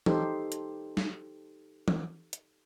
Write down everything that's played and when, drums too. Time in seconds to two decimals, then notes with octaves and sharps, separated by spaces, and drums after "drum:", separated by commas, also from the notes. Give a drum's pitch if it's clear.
0.06 D#4 G4 A4 C5, drum: tom E3
0.52 drum: hi-hat
0.97 drum: snare
1.88 drum: tom E3
2.33 drum: hi-hat